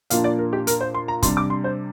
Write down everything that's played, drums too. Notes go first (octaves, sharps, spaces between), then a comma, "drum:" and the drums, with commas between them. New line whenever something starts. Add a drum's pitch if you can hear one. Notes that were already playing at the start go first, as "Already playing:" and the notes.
A#2 F3 A#3 D4 F5, drum: hi-hat
D5
A#4
G4
A#4, drum: hi-hat
C5
C6
A#5
C3 G3 D4 C6, drum: kick, hi-hat
D6
C6
C5